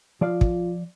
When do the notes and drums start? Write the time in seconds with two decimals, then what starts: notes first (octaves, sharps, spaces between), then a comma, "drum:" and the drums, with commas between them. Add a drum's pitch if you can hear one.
0.21 F3 F4 D5 F5
0.41 drum: kick